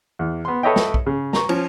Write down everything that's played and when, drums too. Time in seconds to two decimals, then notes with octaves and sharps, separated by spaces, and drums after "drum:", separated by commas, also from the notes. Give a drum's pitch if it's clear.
0.19 E2
0.45 B3 C6
0.63 A4 B4 C#5 D#5 E5 G5
0.76 drum: snare
0.94 drum: kick
1.07 C#3
1.33 A#5 C#6, drum: snare
1.49 F3 C#4, drum: cymbal